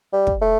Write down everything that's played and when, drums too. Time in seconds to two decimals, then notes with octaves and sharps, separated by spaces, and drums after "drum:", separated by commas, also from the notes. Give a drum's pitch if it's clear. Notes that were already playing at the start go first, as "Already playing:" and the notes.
0.13 G3
0.27 drum: kick
0.41 A3